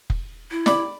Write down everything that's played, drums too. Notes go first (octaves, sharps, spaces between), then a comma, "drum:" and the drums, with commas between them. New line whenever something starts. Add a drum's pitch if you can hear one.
drum: kick F1
E4
D5 B5 D6, drum: snare